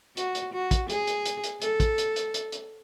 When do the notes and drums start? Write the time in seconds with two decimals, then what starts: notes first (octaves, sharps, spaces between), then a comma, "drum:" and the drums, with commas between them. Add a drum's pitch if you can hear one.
0.17 F#4, drum: hi-hat
0.35 drum: hi-hat
0.53 F#4
0.71 drum: kick, hi-hat
0.90 G#4, drum: hi-hat
1.07 drum: hi-hat
1.26 drum: hi-hat
1.44 drum: hi-hat
1.62 A4, drum: hi-hat
1.80 drum: kick, hi-hat
1.98 drum: hi-hat
2.16 drum: hi-hat
2.34 drum: hi-hat
2.52 drum: hi-hat